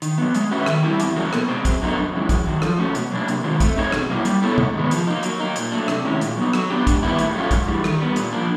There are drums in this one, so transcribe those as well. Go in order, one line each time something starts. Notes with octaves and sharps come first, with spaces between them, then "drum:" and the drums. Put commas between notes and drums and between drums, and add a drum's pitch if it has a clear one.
D#3, drum: hi-hat
F#3 B3
G#3, drum: hi-hat
C#4 F#4 B4 E5
D#3, drum: rim click
G3 C4 E4 G4
E2, drum: hi-hat
C#3 F#3 A#3
B2, drum: rim click
G#3 C4
F#2, drum: kick, hi-hat
D3 F#3 B3 D#4
F#2
C#3 E3 G#3
F#2, drum: kick, hi-hat
D#3 F#3
F3, drum: rim click
A3 C#4 F#4
B2, drum: hi-hat
F#3 A#3 D4
C3, drum: hi-hat
D#3 G#3 C4 F4
A3, drum: kick, hi-hat
C4 D#4 G#4 C#5
B2, drum: rim click
F#3 A#3 C#4 E4
G3, drum: hi-hat
B3 E4 A4 C#5
G#2, drum: tom C3
D#3 G#3 B3
F3, drum: hi-hat
A#3 D#4
F#3, drum: hi-hat
A#3 D#4
A#2, drum: hi-hat
F#3 A3 D4
C3, drum: rim click
D#3 G#3 C#4 E4
A#2, drum: hi-hat
F#3 B3 D#4
F#3, drum: rim click
B3 D4 G4
G#2, drum: kick, hi-hat
D#3 G3 B3 E4
A2, drum: hi-hat
F#3 A3 C#4 F4
G#2, drum: kick, hi-hat
E3 G3
D#3, drum: rim click
G3 B3
A#2, drum: hi-hat
F3 A#3 D4